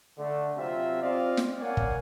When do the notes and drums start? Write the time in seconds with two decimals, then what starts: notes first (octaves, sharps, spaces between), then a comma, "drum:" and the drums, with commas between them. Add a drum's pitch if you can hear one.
0.19 D3 A3
0.58 C3 F#3 C4 F4 E5
1.02 C4 F4 D5 D#5 F5
1.37 drum: snare
1.61 A#4 C#5 D5 F5 F#5 G#5
1.77 drum: kick